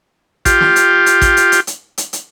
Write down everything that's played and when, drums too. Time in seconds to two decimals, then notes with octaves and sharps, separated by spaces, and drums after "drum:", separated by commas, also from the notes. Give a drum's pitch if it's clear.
0.45 F4 G4, drum: kick A1, hi-hat
0.61 drum: snare
0.76 drum: hi-hat
1.06 drum: hi-hat
1.21 drum: kick A1, hi-hat
1.37 drum: hi-hat
1.52 drum: hi-hat
1.67 drum: hi-hat
1.98 drum: hi-hat
2.13 drum: hi-hat